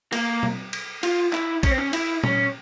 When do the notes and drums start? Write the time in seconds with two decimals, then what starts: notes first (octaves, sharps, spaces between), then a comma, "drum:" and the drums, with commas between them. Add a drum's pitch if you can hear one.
0.13 A#3, drum: cymbal
0.43 drum: tom
0.73 drum: cymbal
1.03 F4, drum: cymbal
1.33 E4, drum: clap
1.63 C#4, drum: kick A#1, cymbal
1.71 C4
1.78 C#4
1.93 E4, drum: cymbal
2.24 C#4, drum: tom A#2